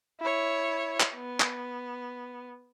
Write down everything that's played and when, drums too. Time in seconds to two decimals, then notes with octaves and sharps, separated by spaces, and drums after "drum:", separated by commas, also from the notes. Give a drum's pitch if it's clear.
0.20 E4 C#5
1.00 drum: clap
1.15 B3
1.40 drum: clap